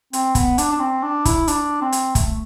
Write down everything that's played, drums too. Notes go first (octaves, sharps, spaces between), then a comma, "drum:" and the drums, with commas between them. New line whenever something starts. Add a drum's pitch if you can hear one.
C4, drum: hi-hat
B3, drum: kick, hi-hat
D4, drum: hi-hat
D4
C4
D4
E4, drum: kick, hi-hat
D4, drum: hi-hat
C4
drum: hi-hat
A3, drum: kick, hi-hat